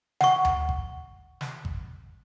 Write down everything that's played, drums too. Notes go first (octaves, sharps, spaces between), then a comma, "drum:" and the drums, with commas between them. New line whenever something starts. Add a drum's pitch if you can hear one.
F#5 C#6, drum: snare
drum: tom D2
drum: kick G#1
drum: snare
drum: kick G#1